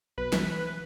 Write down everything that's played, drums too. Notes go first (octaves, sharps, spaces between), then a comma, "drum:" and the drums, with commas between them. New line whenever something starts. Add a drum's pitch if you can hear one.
B1 B4
E3, drum: snare